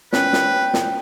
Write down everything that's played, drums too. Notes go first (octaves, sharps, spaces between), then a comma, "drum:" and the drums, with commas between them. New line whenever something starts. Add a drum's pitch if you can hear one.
C#4 B4 G5, drum: snare
drum: snare
drum: snare